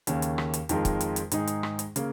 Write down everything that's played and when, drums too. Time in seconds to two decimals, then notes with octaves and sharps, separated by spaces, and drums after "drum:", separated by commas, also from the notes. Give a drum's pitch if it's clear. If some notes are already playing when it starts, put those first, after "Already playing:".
0.07 D#2 C#3 A#3 C#4, drum: hi-hat
0.22 drum: hi-hat
0.38 drum: rim click
0.54 drum: hi-hat
0.69 F2 D#3 G#3 F4 A#4, drum: hi-hat
0.85 drum: kick, hi-hat
1.01 drum: hi-hat
1.16 drum: hi-hat
1.32 G#2 D#3 G#3 D#4 G#4, drum: hi-hat
1.47 drum: hi-hat
1.63 drum: rim click
1.79 drum: hi-hat
1.96 C#3 A#3, drum: hi-hat